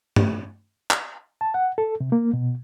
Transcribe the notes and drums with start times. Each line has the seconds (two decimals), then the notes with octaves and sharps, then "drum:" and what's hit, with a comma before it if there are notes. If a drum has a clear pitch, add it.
0.16 drum: tom
0.91 drum: clap
1.41 A5
1.54 F#5
1.78 A4
2.00 C3
2.12 A#3
2.33 B2